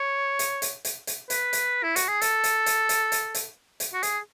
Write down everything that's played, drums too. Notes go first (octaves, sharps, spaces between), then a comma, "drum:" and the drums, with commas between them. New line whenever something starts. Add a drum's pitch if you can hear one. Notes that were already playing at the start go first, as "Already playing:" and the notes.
Already playing: C#5
drum: hi-hat
drum: hi-hat
drum: hi-hat
drum: hi-hat
B4, drum: hi-hat
drum: hi-hat
E4
F#4, drum: hi-hat
G#4
A4, drum: hi-hat
drum: hi-hat
drum: hi-hat
drum: hi-hat
drum: hi-hat
drum: hi-hat
drum: hi-hat
F#4
G#4, drum: hi-hat